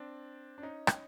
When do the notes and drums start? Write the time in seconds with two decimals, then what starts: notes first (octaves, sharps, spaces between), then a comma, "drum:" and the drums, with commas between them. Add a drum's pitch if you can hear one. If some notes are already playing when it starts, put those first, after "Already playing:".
Already playing: C4 D4
0.58 D4
0.62 C#4 D#4
0.87 drum: rim click